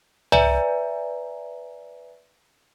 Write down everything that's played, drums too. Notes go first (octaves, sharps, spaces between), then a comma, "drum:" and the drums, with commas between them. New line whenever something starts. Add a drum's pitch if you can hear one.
B4 D5 E5 G#5 A#5, drum: tom C2